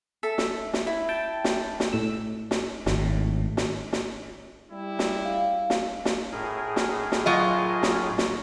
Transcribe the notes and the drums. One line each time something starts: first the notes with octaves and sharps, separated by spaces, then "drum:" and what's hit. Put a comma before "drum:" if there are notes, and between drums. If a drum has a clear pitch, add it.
A4 E5
drum: snare
drum: snare
E4
G5 A5
drum: snare
drum: snare
A2 E6
drum: snare
G#1 A2, drum: snare
drum: snare
drum: snare
G3 E4
drum: snare
F5
drum: snare
drum: snare
A2 G#4 A#4
drum: snare
drum: snare
F#3 F4 D#5
drum: snare
drum: snare